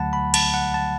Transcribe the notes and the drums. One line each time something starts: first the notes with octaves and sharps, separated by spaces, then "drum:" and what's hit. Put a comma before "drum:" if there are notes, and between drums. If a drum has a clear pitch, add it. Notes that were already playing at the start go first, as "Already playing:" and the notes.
Already playing: D2 D3 F#3 A3 F#5 A5 B5
B5
A5, drum: cymbal
F#5
A5